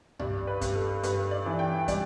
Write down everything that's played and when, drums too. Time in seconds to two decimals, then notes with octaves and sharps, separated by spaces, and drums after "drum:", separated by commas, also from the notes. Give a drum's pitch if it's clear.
0.19 G2 D5, drum: tom C2
0.47 B4
0.61 G2, drum: kick, hi-hat
0.75 A4
1.03 G2 B4, drum: hi-hat
1.31 D5
1.46 E3
1.59 G5
1.88 G3 D5, drum: kick, hi-hat